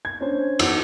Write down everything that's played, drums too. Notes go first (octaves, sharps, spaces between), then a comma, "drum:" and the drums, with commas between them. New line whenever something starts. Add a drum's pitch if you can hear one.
G#6
C#4 D4 C5
E2 D#4 F#4 E6, drum: cymbal